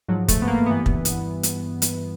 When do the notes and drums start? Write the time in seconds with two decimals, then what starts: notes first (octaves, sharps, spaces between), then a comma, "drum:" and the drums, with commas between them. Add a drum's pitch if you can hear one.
0.08 G#2 F3 F#3
0.28 A3, drum: kick, hi-hat
0.42 B3
0.48 A#3
0.66 G2 E3 B3
0.86 drum: kick
1.05 drum: hi-hat
1.43 drum: hi-hat
1.82 drum: hi-hat